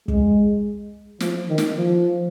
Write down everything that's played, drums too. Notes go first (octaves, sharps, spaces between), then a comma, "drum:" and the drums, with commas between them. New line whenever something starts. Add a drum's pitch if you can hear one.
G#3, drum: kick
F3, drum: snare
D#3
drum: snare
F3